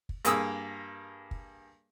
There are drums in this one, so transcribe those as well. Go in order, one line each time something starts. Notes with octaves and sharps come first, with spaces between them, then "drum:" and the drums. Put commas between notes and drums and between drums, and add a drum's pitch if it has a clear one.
drum: kick
G2 A#3 G#4 D#6 E6, drum: hi-hat
drum: kick